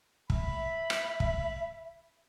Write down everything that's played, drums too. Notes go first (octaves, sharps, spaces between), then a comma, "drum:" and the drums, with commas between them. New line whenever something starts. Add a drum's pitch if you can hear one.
E5 B5, drum: kick
drum: rim click
drum: kick